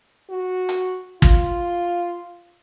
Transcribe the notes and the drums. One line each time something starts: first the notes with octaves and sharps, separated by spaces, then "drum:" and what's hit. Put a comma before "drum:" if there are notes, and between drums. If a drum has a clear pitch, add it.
F#4
drum: hi-hat
F4, drum: kick